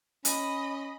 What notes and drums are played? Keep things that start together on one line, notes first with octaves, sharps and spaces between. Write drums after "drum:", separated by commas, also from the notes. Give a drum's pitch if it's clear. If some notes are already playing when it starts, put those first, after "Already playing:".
C#4 D#5 B5, drum: hi-hat